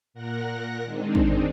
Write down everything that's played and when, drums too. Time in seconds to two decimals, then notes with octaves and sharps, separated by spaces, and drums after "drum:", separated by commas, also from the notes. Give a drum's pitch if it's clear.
0.14 A#2 A#4 F#5 F#6 A#6
0.84 D#3 G#3 C4 D4 D#4
1.15 drum: kick
1.31 drum: tom